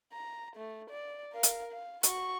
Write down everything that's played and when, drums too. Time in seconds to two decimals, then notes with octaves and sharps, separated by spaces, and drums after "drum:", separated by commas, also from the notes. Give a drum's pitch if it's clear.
0.13 A#5
0.56 A3
0.90 D5
1.32 A#4 F5
1.43 drum: hi-hat
1.72 F5
2.03 F#4 C#6, drum: hi-hat